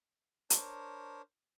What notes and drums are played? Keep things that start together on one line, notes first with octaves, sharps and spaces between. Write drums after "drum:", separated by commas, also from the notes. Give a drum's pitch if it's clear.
D4 A#4 C5 C#5, drum: hi-hat